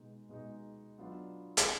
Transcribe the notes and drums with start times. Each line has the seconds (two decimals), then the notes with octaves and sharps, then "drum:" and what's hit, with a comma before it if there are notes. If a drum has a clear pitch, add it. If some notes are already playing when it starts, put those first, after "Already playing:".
Already playing: B2 G#3 D#4
0.29 B2 G#3 D#4
0.98 F#3 B3 D4 F4
1.57 drum: hi-hat